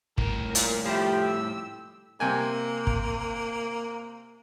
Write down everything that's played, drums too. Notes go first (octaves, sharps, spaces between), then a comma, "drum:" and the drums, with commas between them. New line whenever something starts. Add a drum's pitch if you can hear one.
C2 A2 A#4, drum: kick
A#2, drum: hi-hat
F3 A3 G4 B5
E6
C3 A#3 G5 G#5
drum: kick